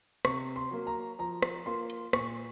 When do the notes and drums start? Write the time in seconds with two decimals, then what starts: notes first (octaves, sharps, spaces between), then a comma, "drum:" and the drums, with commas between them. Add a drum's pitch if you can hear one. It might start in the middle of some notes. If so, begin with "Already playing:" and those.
0.25 C3 C#6, drum: rim click
0.56 C6
0.71 F#3 A#3
0.87 A#5
1.19 F3 A#5
1.42 drum: rim click
1.66 A#3 F4 C6
1.90 drum: hi-hat
2.13 A#2 C#6, drum: rim click